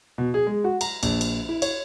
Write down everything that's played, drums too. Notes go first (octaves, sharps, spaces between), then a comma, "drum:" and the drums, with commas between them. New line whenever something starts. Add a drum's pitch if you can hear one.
B2
G#4
G#3
F#4
A#5, drum: cymbal
A#1, drum: cymbal
drum: cymbal
E4
C#5, drum: cymbal